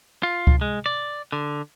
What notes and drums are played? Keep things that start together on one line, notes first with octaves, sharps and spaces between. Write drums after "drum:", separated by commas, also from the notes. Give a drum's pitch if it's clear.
F4
drum: kick C#2
G#3
D5
D3